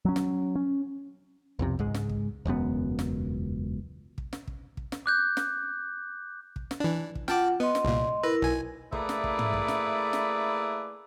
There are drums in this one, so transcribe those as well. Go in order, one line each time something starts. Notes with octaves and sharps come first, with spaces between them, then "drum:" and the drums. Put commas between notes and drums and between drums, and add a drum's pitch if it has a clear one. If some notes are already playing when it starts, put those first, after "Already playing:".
F#3 C#4
drum: snare
C#4
B1 F2 C3
C#2 G#2 G#3, drum: kick
drum: snare
drum: kick
E1 C#2 F#2 B3
drum: snare
drum: kick
drum: snare
drum: kick
drum: kick
drum: snare
D6 F#6 G6
drum: snare
drum: kick
drum: snare
E3 D4
drum: kick
F4 F#5 G5 A5 D6, drum: snare
B3 D#5 C6
drum: snare
C2 A#2
E4 A#4 B4
B1 G#5
A3 A#3 E4 G#4 B4 D5, drum: kick
drum: snare
drum: kick
drum: tom
drum: kick
drum: snare
drum: snare